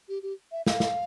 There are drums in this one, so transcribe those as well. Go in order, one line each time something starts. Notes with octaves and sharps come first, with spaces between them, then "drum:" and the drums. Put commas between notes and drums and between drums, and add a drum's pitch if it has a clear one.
G4
G4
E5
F5, drum: snare
drum: snare